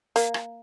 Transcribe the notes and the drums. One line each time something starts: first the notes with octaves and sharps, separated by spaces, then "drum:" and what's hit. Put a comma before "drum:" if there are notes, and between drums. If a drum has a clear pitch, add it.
A#3, drum: hi-hat
drum: rim click